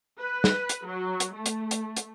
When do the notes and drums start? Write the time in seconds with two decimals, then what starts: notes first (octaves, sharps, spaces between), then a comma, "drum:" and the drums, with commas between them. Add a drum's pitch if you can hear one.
0.19 B4
0.44 drum: snare
0.69 drum: hi-hat
0.86 F#3
1.20 drum: hi-hat
1.33 A3
1.46 drum: hi-hat
1.71 drum: hi-hat
1.96 drum: hi-hat